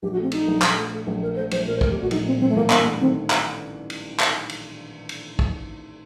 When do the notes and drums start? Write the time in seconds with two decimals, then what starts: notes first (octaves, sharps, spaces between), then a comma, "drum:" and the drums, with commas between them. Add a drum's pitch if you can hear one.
0.03 A#1 G4
0.12 F#4
0.17 A3
0.22 C4
0.32 A3 D#4, drum: cymbal
0.47 A#1
0.62 A#1, drum: clap
0.77 A3
0.92 A3
1.07 A#1
1.21 A3 A#4
1.36 A3 C5
1.51 A#1 C5, drum: cymbal
1.66 A#2 A#4
1.76 C5
1.81 A3 A#4, drum: kick
1.91 G4
1.97 A#2 F#4
2.11 A#1 D#4, drum: cymbal
2.26 A#2 C4
2.41 A1 C4
2.49 A3
2.56 A1 A#3
2.70 G2 A#3, drum: clap
2.85 A3
3.00 D#3 C4
3.30 drum: clap
3.90 drum: cymbal
4.20 drum: clap
4.49 drum: cymbal
5.09 drum: cymbal
5.39 drum: kick